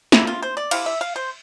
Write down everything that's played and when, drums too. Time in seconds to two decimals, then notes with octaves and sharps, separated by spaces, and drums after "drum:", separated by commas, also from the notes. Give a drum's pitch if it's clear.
0.12 C3 E3 A#3 E4, drum: snare
0.27 F4
0.42 C5
0.57 D5
0.71 D3 G3 C4 E4 F5, drum: cymbal
0.86 E5
1.01 F5
1.16 C5